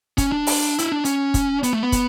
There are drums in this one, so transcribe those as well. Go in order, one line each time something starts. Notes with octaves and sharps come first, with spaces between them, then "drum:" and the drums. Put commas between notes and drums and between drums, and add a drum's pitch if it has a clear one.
C#4, drum: kick, hi-hat
D4
drum: open hi-hat
E4, drum: hi-hat
D4
C#4, drum: hi-hat
drum: kick, hi-hat
B3, drum: hi-hat
A3
B3
drum: kick, hi-hat